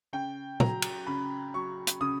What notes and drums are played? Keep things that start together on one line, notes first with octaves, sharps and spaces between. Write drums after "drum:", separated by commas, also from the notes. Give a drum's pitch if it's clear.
C#3 G5
F#3 A#5, drum: tom A#2
drum: cymbal
C#3 B5
F#3 C#6
drum: hi-hat
C#3 D#6